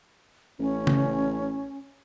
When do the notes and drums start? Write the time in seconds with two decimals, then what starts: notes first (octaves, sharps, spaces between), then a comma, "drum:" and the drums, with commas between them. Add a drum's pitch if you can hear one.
0.60 A1 C#4
0.87 drum: tom